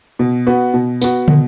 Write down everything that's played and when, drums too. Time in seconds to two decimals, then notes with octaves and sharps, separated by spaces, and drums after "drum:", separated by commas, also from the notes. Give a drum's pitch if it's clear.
0.19 B2
0.46 B3 F#4
0.74 B2
1.01 B3 F#4, drum: tambourine
1.28 B2, drum: tom